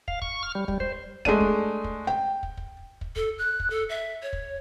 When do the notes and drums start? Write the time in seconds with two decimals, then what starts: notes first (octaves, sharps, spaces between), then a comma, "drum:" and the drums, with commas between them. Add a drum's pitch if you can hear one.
0.08 F5, drum: kick
0.22 C#6, drum: kick
0.43 F6
0.55 G3
0.68 G3, drum: kick
0.80 C5, drum: kick
1.25 G#3 A3 D4 D#7, drum: kick
1.40 drum: kick
1.84 drum: kick
2.07 G5
2.43 drum: kick
2.57 drum: kick
3.01 drum: kick
3.16 A4, drum: kick
3.38 F#6
3.60 drum: kick
3.70 A4
3.89 E5
4.22 C#5
4.33 drum: kick